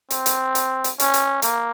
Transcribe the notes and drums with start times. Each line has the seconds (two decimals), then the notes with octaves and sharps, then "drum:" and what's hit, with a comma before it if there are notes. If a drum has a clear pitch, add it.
0.11 C4, drum: hi-hat
0.26 drum: hi-hat
0.55 drum: hi-hat
0.84 drum: hi-hat
1.00 C#4, drum: hi-hat
1.14 drum: hi-hat
1.42 A#3, drum: hi-hat